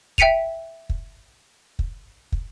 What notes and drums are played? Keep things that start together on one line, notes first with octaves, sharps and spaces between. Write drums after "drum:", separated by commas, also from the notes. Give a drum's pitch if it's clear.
E5 G5 B6 C#7 D#7 F7, drum: kick
drum: kick
drum: kick
drum: kick